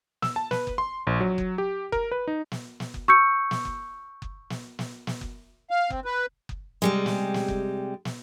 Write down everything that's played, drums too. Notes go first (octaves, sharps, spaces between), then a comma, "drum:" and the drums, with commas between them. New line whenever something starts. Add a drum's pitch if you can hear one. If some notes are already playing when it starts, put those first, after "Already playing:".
E6, drum: snare
A5
B4, drum: snare
drum: kick F#1
C6
A#1
F#3
drum: kick F#1
G4
A#4, drum: kick F#1
B4
D#4
drum: snare
drum: snare
drum: kick F#1
C#6 E6 G6 C#7
drum: snare
drum: kick F#1
drum: kick F#1
drum: snare
drum: snare
drum: snare
drum: kick F#1
F5
C4, drum: kick F#1
B4
drum: kick F#1
C3 G3 G#3
drum: snare
drum: snare
drum: kick F#1
drum: snare